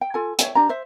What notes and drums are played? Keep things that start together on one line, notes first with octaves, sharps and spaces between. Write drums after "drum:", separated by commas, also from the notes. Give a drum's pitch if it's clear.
G5
F4 A4 G#5
C#5 E5 G5, drum: hi-hat
D4 G4 A#5
C5 E5